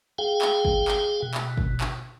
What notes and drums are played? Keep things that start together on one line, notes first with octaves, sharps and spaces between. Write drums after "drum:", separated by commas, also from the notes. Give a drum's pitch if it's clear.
G#4 F5 G5
drum: clap
drum: kick
drum: clap
B2
drum: clap
drum: kick
drum: clap